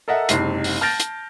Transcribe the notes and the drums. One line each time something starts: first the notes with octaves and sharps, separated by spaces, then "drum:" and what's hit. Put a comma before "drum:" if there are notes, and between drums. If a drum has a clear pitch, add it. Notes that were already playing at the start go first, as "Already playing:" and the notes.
A4 A#4 D#5 E5 F#5
F#1 G#2 C3 C7, drum: hi-hat
drum: open hi-hat
A5 F6 G6 A6 A#6 D7
drum: hi-hat